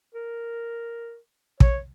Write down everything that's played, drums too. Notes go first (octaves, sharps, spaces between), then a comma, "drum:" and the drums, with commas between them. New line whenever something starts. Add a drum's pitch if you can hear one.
A#4
C#5, drum: kick